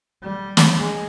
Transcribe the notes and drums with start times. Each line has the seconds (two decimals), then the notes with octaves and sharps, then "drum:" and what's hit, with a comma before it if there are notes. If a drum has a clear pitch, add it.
0.23 G3
0.57 drum: snare
0.78 G#3